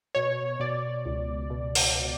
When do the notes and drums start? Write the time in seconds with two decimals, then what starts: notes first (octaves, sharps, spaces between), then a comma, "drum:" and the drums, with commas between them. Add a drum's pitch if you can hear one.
0.15 B2 C#5
0.60 B2 D5
1.05 C#2
1.50 B2
1.75 drum: open hi-hat
1.95 B2